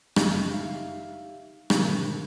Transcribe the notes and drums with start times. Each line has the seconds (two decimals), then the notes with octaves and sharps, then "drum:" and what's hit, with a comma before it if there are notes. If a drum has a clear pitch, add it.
0.16 G1 F#2 C#3 D#5 F6, drum: rim click
0.50 D#4 G4 E5 F5
1.70 G#2 B2 D3 D#3 F3 F#3, drum: rim click